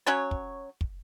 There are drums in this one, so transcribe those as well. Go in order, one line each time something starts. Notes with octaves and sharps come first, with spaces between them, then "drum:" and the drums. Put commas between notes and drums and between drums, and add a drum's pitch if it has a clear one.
F#3 C#4 F#4 C#5
drum: kick
drum: kick